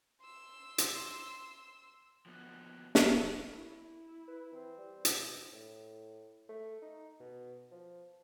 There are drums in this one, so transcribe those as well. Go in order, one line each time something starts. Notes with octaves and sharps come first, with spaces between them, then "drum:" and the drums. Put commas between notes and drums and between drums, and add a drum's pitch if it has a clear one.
C6 E6
drum: hi-hat
F3 F#3 A#3 B3 D#4 F#4
drum: snare
A#4
E4
B4
E3 C4
G3
B2, drum: hi-hat
A2
A3
D#4
B2
F3